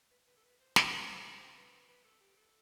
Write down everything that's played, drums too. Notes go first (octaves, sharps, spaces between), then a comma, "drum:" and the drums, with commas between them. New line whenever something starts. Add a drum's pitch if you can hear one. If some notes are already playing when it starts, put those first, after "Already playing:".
B4
B4
A4
B4
C5
B4, drum: snare
C5
C5
B4
B4
B4
A4
G4
A4